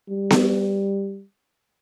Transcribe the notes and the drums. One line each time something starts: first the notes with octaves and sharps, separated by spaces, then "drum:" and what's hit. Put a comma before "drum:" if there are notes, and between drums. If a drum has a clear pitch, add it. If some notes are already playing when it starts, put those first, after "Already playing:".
G3
drum: snare B3